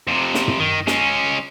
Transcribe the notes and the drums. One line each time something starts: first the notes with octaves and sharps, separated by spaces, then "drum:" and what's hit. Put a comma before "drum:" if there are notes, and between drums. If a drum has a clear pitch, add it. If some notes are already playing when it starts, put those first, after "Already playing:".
F2 C3
drum: snare
drum: tom
D#3
G#3 C#4, drum: snare